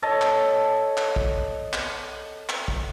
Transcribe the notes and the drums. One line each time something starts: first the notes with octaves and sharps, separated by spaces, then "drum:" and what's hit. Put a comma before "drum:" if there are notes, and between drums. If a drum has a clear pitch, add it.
A4 C#5 D#5 A5
drum: clap
drum: clap
drum: kick
drum: clap
drum: clap
drum: kick